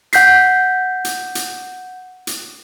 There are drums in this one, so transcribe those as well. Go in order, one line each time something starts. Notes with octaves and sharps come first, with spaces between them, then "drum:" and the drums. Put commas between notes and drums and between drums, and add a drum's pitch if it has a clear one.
F#5 G6 B6 C7, drum: hi-hat
drum: hi-hat
drum: hi-hat
drum: hi-hat